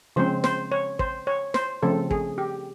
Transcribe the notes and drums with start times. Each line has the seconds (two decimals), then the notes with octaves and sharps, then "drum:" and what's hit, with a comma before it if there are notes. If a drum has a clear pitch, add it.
0.16 C#3 F3 G#3 C4 C5
0.44 C5, drum: snare
0.72 C#5
0.99 C5, drum: kick
1.27 C#5
1.54 C5, drum: snare
1.83 C#3 F3 A3 C4 A4
2.11 G#4, drum: kick
2.38 G4